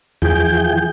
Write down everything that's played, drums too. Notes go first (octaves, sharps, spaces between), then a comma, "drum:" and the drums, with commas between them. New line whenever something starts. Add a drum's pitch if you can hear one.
E3 F3 G#4 G5, drum: tom E2